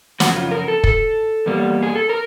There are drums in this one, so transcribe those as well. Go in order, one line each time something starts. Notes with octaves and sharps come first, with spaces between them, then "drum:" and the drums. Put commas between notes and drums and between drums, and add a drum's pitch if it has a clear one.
F#2 C#3 F3 F#4, drum: snare
F4
A#4
A4
A4, drum: kick
E2 B2 G3 A#3
G#4
A4
A#4